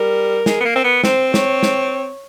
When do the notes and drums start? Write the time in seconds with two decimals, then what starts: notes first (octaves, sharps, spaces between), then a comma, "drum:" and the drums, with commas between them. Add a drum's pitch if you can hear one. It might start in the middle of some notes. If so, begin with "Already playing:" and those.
Already playing: G3 A#4
0.46 G#3, drum: snare
0.60 B3
0.65 A#3
0.75 C4
0.84 B3
1.04 C4 C5, drum: snare
1.34 C#5, drum: snare
1.63 drum: snare